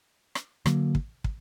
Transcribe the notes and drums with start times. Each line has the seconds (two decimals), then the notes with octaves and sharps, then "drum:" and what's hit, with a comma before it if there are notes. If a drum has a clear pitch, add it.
0.35 drum: rim click
0.66 D3 F#3 A#3, drum: rim click
0.95 drum: kick
1.24 drum: kick